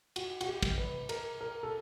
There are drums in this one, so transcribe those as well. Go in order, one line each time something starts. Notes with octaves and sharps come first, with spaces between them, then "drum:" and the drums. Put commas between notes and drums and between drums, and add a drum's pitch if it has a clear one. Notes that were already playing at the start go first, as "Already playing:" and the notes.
F#4, drum: cymbal
F#4, drum: cymbal
G4
drum: kick, cymbal
B4
A#4, drum: cymbal
A#4
A4